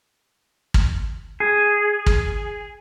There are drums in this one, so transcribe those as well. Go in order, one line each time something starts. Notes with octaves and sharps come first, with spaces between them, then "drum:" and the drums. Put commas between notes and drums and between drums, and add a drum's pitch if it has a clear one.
drum: kick
G#4
drum: kick